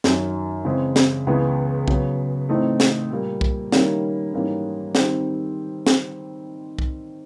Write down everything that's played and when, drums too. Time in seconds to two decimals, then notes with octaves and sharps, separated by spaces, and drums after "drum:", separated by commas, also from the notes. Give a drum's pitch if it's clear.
0.04 F#2 D#3 F#3, drum: snare
0.65 C#3 E3 G#3 C4
0.96 drum: snare
1.27 C#2 C#3 E3 G#3 B3
1.88 C#3 F#3 B3, drum: kick
2.49 A2 E3 A3 C4 D#4
2.80 drum: snare
3.11 A#2 G3 A#3
3.41 drum: kick
3.72 D#3 G3 A#3 C#4 E4, drum: snare
4.33 G#2 E3 G3 A#3 C#4
4.95 D#3 G3 C4, drum: snare
5.87 drum: snare
6.79 drum: kick